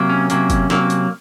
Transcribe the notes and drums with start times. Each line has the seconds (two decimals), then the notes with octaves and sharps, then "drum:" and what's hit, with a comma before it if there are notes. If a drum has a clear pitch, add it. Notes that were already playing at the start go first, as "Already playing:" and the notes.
Already playing: C3 F#3 A#3
0.09 C#4
0.30 C3 F#3 A#3, drum: hi-hat
0.50 drum: kick F#1, hi-hat
0.70 C3 F#3 A#3, drum: snare
0.90 drum: hi-hat